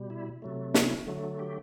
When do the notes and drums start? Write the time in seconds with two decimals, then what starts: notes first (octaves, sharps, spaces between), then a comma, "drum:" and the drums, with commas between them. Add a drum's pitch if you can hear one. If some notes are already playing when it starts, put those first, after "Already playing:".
Already playing: B2 G3
0.10 E4
0.42 C3 F#3 A3
0.74 E4, drum: snare
1.07 D3 F#3 A3
1.39 G4